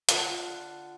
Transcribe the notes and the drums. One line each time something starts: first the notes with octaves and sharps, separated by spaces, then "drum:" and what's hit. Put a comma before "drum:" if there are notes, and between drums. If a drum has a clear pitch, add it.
D3 F4 F#5 A5, drum: hi-hat